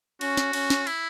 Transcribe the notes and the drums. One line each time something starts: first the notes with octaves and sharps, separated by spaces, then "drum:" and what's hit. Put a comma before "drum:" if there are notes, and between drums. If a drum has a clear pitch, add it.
C#4 F#4, drum: cymbal
drum: snare
C#4, drum: cymbal
drum: snare
E4, drum: cymbal